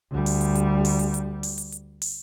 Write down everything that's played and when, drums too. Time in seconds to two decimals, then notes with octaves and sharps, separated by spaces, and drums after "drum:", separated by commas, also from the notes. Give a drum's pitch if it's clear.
0.11 D2 G3
0.26 drum: open hi-hat
0.41 drum: hi-hat
0.55 drum: hi-hat
0.85 drum: open hi-hat
0.99 drum: hi-hat
1.14 drum: hi-hat
1.43 drum: open hi-hat
1.58 drum: hi-hat
1.72 drum: hi-hat
2.02 drum: open hi-hat